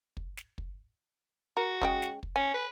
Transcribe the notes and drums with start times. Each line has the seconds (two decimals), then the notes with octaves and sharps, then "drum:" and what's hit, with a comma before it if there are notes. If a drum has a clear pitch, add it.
0.17 drum: kick
0.37 drum: snare
0.58 drum: kick
1.57 F#4 A#4
1.82 C#3 G#3 G5, drum: kick
2.02 drum: snare
2.23 drum: kick
2.36 C#4 G#5
2.54 B4